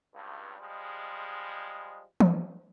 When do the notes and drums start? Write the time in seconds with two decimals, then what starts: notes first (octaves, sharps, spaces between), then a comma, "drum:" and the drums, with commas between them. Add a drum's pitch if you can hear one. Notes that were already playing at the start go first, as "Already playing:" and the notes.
0.14 C#2 G2
0.59 F3 G3 G#3
2.20 drum: tom E3